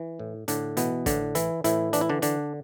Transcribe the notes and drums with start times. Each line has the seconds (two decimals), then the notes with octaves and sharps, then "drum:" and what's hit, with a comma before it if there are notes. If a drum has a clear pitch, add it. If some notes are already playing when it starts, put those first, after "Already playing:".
Already playing: E3
0.19 A2
0.48 A2 D3 D4, drum: hi-hat
0.77 B2 E3 B3, drum: hi-hat
1.06 A2 D3 D4, drum: kick, hi-hat
1.35 E3 E4, drum: hi-hat
1.64 A2 E3 E4, drum: hi-hat
1.93 E3 D4, drum: hi-hat
2.01 E4
2.09 D3 D4
2.22 D3 D4, drum: hi-hat